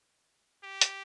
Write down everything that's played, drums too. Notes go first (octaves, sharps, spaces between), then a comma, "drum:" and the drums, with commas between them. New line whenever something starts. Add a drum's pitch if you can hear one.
G4
drum: hi-hat